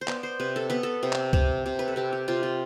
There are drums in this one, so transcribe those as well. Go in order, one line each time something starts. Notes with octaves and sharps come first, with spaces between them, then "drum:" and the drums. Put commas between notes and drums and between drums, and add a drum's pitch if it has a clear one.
C5
B3 D5, drum: clap
C5
C3 B4
A4
B3 B4
A4
C3
drum: clap
C3, drum: kick C#2
C3
B4
A4
C3 G4
G4
C3 F4
F4